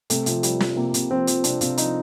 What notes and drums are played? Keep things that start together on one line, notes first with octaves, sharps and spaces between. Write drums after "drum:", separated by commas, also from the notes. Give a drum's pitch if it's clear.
C3 A3, drum: hi-hat
C3 F3, drum: hi-hat
F3 G3, drum: hi-hat
F3, drum: snare
C3 A#3
C3, drum: hi-hat
F3 C4
F3, drum: hi-hat
C3 D4, drum: hi-hat
C3 F4, drum: hi-hat
F3 D#4, drum: hi-hat